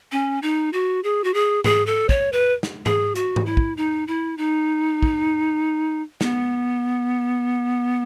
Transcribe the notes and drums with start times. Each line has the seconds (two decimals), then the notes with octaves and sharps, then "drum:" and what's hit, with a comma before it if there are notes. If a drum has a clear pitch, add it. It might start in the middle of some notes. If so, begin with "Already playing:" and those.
0.12 C#4
0.42 D#4
0.73 F#4
1.04 G#4
1.24 F#4
1.34 G#4
1.64 G#4, drum: tom G#2
1.87 A4
2.09 C#5, drum: kick
2.33 B4
2.63 drum: snare
2.86 G#4, drum: tom G#2
3.15 F#4, drum: hi-hat
3.36 drum: tom G#2
3.46 E4
3.57 drum: kick
3.77 D#4
4.08 E4
4.38 D#4
5.02 drum: kick
6.21 B3, drum: snare